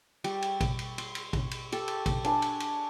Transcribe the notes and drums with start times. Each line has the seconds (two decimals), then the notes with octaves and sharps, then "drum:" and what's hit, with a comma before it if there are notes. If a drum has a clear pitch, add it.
0.24 G3, drum: cymbal
0.42 drum: cymbal
0.61 drum: kick, cymbal
0.79 drum: cymbal
0.98 C6, drum: cymbal
1.15 drum: cymbal
1.33 drum: kick, cymbal
1.51 drum: cymbal
1.72 G4 A4, drum: cymbal
1.88 drum: cymbal
2.06 drum: kick, cymbal
2.24 D4 G#5 B5, drum: cymbal
2.42 drum: cymbal
2.60 drum: cymbal